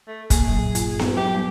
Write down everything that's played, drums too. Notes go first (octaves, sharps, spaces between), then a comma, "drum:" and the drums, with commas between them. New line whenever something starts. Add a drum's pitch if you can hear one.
A3
A#3 G#4, drum: kick, hi-hat
A#2 F#3
G2, drum: hi-hat
drum: snare B3
F#3 G4
G3 B3